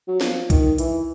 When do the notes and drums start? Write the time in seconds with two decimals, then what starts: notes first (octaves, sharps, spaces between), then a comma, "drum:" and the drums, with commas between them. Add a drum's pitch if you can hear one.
0.08 F#3
0.21 F3, drum: snare
0.50 D#3, drum: kick B1, hi-hat
0.78 E3, drum: hi-hat